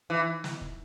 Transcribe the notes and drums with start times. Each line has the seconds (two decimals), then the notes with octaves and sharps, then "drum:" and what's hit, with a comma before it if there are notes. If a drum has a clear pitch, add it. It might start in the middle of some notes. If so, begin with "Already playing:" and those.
0.10 E3
0.44 drum: snare
0.61 drum: kick